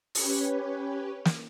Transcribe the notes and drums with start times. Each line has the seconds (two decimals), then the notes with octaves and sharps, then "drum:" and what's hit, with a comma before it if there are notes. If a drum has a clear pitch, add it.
0.15 C#4 G4 B4 C#5, drum: open hi-hat
1.25 drum: snare